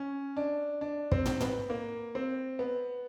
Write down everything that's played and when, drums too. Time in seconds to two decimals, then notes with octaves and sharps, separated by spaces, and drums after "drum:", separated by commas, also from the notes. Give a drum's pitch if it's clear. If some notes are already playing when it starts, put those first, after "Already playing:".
Already playing: C#4
0.37 D4
0.81 D4
1.12 C4, drum: kick
1.26 drum: tom
1.40 B3, drum: tom
1.70 A#3
2.15 C4
2.59 B3